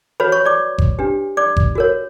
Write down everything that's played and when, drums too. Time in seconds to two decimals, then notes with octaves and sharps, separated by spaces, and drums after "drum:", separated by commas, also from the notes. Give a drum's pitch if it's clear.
0.20 F#4 B4 C#5 B5
0.32 C#5 C#6
0.46 D5 D6
0.78 drum: kick G1
0.99 D4 G4 B4
1.37 D5 D6
1.57 drum: kick G1
1.75 F#4 A#4 C#5